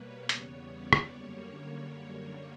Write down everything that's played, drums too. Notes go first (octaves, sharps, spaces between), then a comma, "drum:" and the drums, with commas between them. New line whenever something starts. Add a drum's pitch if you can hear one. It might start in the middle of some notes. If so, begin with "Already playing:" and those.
Already playing: B2 G3 A#3 B4 C#5
E2 C#3 G3 B3, drum: hi-hat
D5
drum: rim click
F#2 D3 G3 A#3 C#5